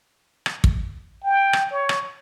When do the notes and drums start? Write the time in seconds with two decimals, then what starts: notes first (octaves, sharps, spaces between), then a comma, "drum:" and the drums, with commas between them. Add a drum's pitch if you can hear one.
0.46 drum: rim click
0.64 drum: kick
1.24 G5
1.53 drum: rim click
1.71 C#5
1.89 drum: rim click